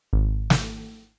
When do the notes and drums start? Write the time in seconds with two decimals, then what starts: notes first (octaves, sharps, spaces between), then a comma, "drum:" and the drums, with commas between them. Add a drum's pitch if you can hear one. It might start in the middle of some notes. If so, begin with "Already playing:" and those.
0.13 G#1
0.50 drum: snare